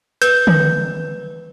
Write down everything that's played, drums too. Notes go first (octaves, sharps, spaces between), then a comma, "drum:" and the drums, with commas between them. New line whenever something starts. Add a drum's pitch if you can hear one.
B4 G6, drum: hi-hat
drum: tom D3